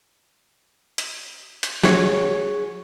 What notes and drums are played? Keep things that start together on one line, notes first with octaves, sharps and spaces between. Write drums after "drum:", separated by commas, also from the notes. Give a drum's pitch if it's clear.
drum: hi-hat
drum: hi-hat
F#4 G#4 C#5, drum: snare